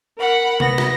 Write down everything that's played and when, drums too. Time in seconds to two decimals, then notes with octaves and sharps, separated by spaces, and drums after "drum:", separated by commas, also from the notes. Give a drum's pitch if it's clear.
0.18 A#4 F#5 B5
0.60 B3 A#6, drum: tom C3
0.78 drum: rim click